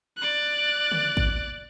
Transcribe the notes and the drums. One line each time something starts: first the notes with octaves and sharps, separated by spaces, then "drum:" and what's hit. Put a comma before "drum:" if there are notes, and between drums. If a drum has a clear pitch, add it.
D5 F#6
drum: tom C#3
drum: kick